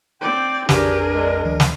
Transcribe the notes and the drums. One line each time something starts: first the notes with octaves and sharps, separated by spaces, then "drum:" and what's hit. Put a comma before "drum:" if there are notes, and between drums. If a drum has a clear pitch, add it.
C4 D5 G5
A#1 F2 D4 G4 G#4 A#4 B4, drum: snare
G#3
D2 D#3 F3
drum: snare